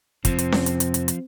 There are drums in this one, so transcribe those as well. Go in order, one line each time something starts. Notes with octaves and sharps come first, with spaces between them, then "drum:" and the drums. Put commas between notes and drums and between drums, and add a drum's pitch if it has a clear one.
F2 C3 F3 C4, drum: kick, hi-hat
drum: hi-hat
drum: snare C#4
drum: hi-hat
drum: hi-hat
drum: hi-hat
drum: hi-hat